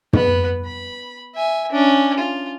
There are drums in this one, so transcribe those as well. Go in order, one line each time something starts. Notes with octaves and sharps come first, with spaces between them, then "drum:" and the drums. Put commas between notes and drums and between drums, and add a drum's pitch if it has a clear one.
B3 B4, drum: tom
B5
E5 G#5
C#4 D4
F4